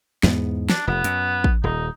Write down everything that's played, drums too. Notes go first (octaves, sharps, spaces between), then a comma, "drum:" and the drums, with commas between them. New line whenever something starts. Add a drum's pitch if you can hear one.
E2 G#2 B3, drum: snare
D4, drum: snare
F1 B3
F#2, drum: hi-hat
drum: kick
D#1 D#4